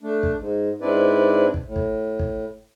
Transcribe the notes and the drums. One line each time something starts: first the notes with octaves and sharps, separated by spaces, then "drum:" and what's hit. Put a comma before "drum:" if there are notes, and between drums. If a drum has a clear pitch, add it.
A3 D4
drum: kick
G#2
G#2 C4 D4 E4 B4 D5
drum: kick
A2
drum: kick
drum: kick